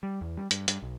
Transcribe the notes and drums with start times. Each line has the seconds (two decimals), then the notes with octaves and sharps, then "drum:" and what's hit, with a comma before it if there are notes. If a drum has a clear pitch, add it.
0.03 G3
0.21 E2
0.37 G3
0.51 G2, drum: hi-hat
0.68 G2, drum: hi-hat
0.82 B1